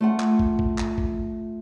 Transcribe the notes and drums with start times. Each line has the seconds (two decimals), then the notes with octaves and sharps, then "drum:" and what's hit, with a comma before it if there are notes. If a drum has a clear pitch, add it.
0.01 A3 F4 F#5
0.20 drum: clap
0.39 drum: kick
0.59 drum: kick
0.78 drum: clap
0.98 drum: kick